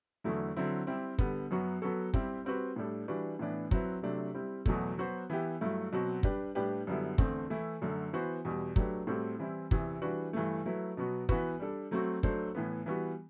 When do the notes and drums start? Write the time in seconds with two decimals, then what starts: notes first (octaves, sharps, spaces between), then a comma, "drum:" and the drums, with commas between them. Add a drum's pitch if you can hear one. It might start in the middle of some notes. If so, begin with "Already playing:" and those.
0.24 E2 D3 F#3 A3 E4
0.56 D3 F#3 C4 E4
0.87 G3 C4 E4 G4
1.18 D3 G3 B3, drum: kick
1.51 F#2 F#3 B3 F#4
1.82 F#3 B3 F#4 A4
2.14 G3 C4 E4 G4, drum: kick
2.45 G3 C4 F#4 B4
2.76 A2 G3 D4 A4
3.08 E3 G3 D4 F#4 B4
3.39 A2 E3 B3 D4
3.71 F#3 C4 E4 B4, drum: kick
4.02 C3 F#3 A3 D4
4.34 G3 C4 E4
4.66 E2 B2 F#3 A3, drum: kick
4.98 F#3 B3 F#4 C5
5.30 E3 B3 E4 G4
5.61 G2 F#3 A3 E4
5.92 B2 F#3 C4 F#4
6.23 G3 D4 G4 B4, drum: kick
6.55 A2 G3 D4 G4 B4
6.87 F#2 D3 G3 B3 E4
7.18 E2 D3 A3 C4, drum: kick
7.50 E3 A3 E4
7.81 F#2 D3 F#3 A3
8.13 E3 B3 F#4 C5
8.45 E2 B2 G3
8.76 F#3 A3 D4 G4 B4, drum: kick
9.07 A2 G3 C4 F#4 A4
9.39 E3 G3 C4 E4
9.71 E2 C3 E3, drum: kick
10.02 E3 G3 D4 F#4 B4
10.33 G2 E3 A3
10.66 F#3 A3 E4 B4
10.97 B2 F#3 B3 F#4
11.29 E3 B3 F#4 B4, drum: kick
11.59 G3 D4 A4
11.91 F#3 A3 C4 F#4
12.23 F#3 A3 D4 A4 C5, drum: kick
12.55 A2 E3 B3
12.86 E3 G3 B3 F#4